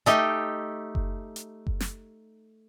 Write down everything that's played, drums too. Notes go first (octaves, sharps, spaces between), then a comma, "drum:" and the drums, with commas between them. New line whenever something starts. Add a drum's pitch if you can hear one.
A3 D#4 G4, drum: hi-hat
drum: kick F#1
drum: hi-hat
drum: kick F#1
drum: snare